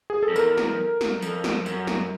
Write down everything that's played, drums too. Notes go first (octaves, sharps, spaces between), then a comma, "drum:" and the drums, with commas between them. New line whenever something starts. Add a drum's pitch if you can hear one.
G#4
A4
F2
E2 A#4, drum: tambourine
drum: snare
drum: snare
F2, drum: tambourine
drum: snare
F#2, drum: tambourine
drum: snare